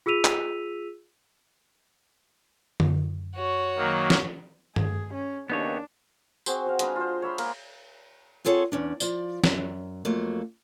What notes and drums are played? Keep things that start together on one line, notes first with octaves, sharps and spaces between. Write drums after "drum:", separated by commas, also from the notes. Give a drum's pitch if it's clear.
F4 G#4 E6 B6 D#7 F7
drum: clap
F#2, drum: tom D3
F#4 C#5
D#3 F#3 A#3
drum: snare
G#4, drum: tom G2
C#4
D#2 C#3 B3 D4 D#4 C#5
C4 F#4 G#4 C5, drum: tambourine
F#4 F5
G#3 D4 B4 A#5, drum: hi-hat
F4 C5
C#5 E5 B5 C6
A#3 F5, drum: cymbal
C4 F4 G#4 A4 C#5 F#5
E2 C#4 D4
F3 D5, drum: tambourine
F#2, drum: snare
F2 F#3 A3 A#3